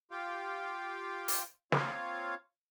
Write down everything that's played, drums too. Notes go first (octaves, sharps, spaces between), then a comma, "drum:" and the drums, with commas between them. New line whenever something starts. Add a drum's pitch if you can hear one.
F4 G4 F5 G5
drum: open hi-hat
A#3 C4 F4 C#5 F5, drum: snare